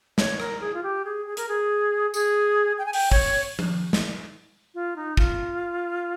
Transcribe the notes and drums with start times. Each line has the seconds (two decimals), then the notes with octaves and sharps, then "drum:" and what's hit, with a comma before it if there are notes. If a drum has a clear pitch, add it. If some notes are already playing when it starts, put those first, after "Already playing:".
0.18 C#5, drum: snare
0.40 A#4, drum: rim click
0.61 G#4
0.74 F4
0.83 G4
1.05 G#4
1.26 G#4
1.37 A#4, drum: hi-hat
1.48 G#4
2.14 G#4, drum: tambourine
2.78 G5
2.86 G#5
2.93 G5, drum: open hi-hat
3.11 C#5, drum: kick
3.59 drum: tom F3
3.93 drum: snare
4.75 F4
4.96 D#4
5.17 F4, drum: kick